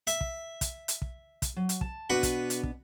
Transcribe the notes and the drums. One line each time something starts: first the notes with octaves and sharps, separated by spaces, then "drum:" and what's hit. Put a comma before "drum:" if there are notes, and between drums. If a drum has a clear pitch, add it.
E5, drum: hi-hat
drum: kick
drum: kick, hi-hat
drum: hi-hat
drum: kick
drum: kick, hi-hat
F#3
drum: hi-hat
A5, drum: kick
B2 B3 D4 F#4 B4
drum: kick, hi-hat
drum: hi-hat
drum: kick